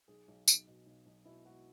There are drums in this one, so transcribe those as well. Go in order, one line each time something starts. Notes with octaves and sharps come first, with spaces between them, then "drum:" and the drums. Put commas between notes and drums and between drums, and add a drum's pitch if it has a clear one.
B1 G#4
B1
B1, drum: tambourine
B2
B1
B1
B2 E4
B2 F#4